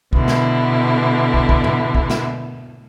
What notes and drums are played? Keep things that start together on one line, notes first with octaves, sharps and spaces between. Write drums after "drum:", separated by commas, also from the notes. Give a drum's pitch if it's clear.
B2 D3 E4, drum: kick
drum: snare
drum: kick
drum: kick
drum: tom G#2
drum: kick
drum: snare